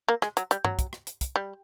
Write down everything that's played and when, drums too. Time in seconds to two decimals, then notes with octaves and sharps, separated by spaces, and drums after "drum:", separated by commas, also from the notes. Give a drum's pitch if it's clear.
0.08 A#3
0.22 G#3, drum: rim click
0.37 F#3, drum: hi-hat
0.51 G3, drum: hi-hat
0.65 F#3, drum: tom G2
0.79 drum: kick, hi-hat
0.93 drum: rim click
1.07 drum: hi-hat
1.21 drum: kick, hi-hat
1.36 G3